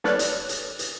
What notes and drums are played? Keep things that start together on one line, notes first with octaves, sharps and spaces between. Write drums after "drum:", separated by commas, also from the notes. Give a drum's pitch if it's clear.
A4 B4 C#5 D5 F6 F#6, drum: snare
drum: hi-hat
drum: hi-hat
drum: hi-hat